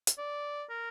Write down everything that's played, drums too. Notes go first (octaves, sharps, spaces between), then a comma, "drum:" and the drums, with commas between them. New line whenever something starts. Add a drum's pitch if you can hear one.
drum: hi-hat
D5
A#4